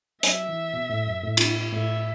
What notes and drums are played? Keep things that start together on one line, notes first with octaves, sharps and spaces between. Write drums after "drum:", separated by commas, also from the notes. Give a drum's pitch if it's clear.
F#3 E5, drum: hi-hat
E3
B2
A2
F#2
A2
drum: cymbal
A2 E5